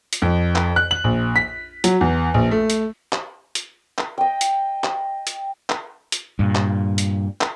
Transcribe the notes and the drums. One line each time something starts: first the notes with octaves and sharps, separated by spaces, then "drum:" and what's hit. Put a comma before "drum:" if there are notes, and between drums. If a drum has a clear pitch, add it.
drum: hi-hat
F2
drum: clap
F#6
F#7
A#1
B6
F#3, drum: hi-hat
E2
A#1
A3
drum: hi-hat
drum: clap
drum: hi-hat
drum: clap
D#5 G5
drum: hi-hat
drum: clap
drum: hi-hat
drum: clap
drum: hi-hat
G2 A#2
drum: clap
drum: hi-hat
drum: clap